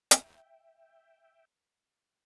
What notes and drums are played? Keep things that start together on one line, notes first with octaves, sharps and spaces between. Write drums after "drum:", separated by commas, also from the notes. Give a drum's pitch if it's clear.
E5 G5, drum: hi-hat